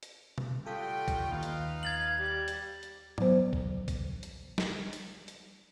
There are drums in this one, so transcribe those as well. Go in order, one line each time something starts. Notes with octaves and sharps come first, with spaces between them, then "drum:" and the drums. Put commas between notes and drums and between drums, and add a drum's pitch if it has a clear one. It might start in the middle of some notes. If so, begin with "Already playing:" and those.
drum: hi-hat
drum: tom B2
G3 F4 F#4 A4 G5 D#6 B6
drum: kick A#1, hi-hat
D#2 D#4 B4 F5
drum: hi-hat
G#6 A6 F#7
G3
drum: hi-hat
drum: hi-hat
F#3 B3 C5, drum: tom
drum: kick A#1
drum: kick A#1, hi-hat
drum: hi-hat
drum: snare
drum: hi-hat
drum: hi-hat